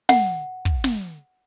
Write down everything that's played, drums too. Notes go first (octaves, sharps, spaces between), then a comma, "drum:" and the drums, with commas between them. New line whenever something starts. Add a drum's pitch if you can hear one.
F#5, drum: snare
drum: kick
drum: snare